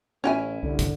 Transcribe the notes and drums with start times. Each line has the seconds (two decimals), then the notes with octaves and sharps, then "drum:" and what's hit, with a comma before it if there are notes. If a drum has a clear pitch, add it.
0.24 A1 C#4 E4 C#5 G5 G#5
0.63 C2 D3
0.79 drum: kick, hi-hat